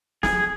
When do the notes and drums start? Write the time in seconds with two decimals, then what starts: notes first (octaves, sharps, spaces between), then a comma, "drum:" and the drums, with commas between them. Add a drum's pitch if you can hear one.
0.23 G#4, drum: snare